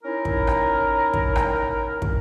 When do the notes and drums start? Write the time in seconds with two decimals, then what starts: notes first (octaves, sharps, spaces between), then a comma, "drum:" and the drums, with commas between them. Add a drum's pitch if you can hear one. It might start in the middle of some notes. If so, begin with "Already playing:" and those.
0.03 C#4 D#4 E4 A#4
0.25 drum: kick
0.47 drum: rim click
1.14 drum: kick
1.36 drum: rim click
2.02 drum: kick